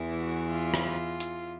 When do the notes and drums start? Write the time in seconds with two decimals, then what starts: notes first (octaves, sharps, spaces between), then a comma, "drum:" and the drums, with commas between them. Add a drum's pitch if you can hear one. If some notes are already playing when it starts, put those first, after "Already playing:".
Already playing: E2 E3
0.19 F#4
0.50 F4
0.74 drum: rim click
1.20 drum: hi-hat